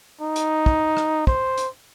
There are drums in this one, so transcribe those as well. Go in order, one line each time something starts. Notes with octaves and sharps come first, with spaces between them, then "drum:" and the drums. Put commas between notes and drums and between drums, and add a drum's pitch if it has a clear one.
D#4
drum: hi-hat
drum: kick
drum: rim click
C5, drum: kick
drum: hi-hat